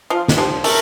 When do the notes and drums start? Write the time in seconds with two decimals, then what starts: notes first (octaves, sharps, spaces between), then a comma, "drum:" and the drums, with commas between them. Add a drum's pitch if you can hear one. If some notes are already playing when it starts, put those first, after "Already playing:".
0.10 F3 F4
0.28 drum: snare
0.37 F3 G4
0.64 A3 A#4, drum: open hi-hat